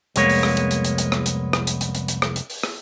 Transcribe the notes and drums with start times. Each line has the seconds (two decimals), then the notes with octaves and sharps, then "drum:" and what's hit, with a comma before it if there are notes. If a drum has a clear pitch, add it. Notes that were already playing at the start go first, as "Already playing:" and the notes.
0.16 C2 F2 G#3 A#3 B3 C#5, drum: hi-hat
0.29 drum: open hi-hat
0.43 drum: rim click
0.57 drum: hi-hat
0.71 drum: hi-hat
0.85 drum: hi-hat
0.98 drum: hi-hat
1.12 drum: rim click
1.26 drum: hi-hat
1.53 drum: rim click
1.67 drum: hi-hat
1.81 drum: hi-hat
1.95 drum: hi-hat
2.08 drum: hi-hat
2.22 drum: rim click
2.36 drum: hi-hat
2.50 drum: open hi-hat
2.63 drum: rim click